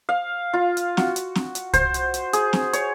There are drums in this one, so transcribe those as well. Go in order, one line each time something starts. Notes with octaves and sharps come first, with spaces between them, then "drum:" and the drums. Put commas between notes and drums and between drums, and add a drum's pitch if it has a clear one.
F5
F4
drum: hi-hat
F#4, drum: snare C4
drum: hi-hat
drum: snare C4
drum: hi-hat
C5, drum: kick C2, hi-hat
drum: hi-hat
drum: hi-hat
G#4, drum: hi-hat
drum: snare C4
C#5, drum: hi-hat